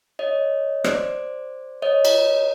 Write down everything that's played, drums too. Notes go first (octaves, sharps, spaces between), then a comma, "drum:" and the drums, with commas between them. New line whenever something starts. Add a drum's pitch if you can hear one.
C#5 D#5
C5 D5, drum: rim click
C#5 D#5
drum: cymbal